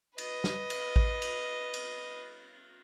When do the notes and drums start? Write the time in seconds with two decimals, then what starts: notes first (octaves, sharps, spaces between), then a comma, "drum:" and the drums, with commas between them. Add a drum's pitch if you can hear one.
0.18 B4 D#5, drum: cymbal
0.44 drum: snare
0.70 drum: cymbal
0.96 drum: kick A1
1.22 drum: cymbal
1.74 drum: cymbal